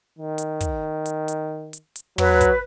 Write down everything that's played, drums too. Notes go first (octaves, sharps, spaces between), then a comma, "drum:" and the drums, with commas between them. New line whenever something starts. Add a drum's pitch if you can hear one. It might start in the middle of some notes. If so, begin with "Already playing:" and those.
D#3
drum: hi-hat
drum: kick, hi-hat
drum: hi-hat
drum: hi-hat
drum: hi-hat
drum: hi-hat
F#3 B4, drum: tom
drum: kick, hi-hat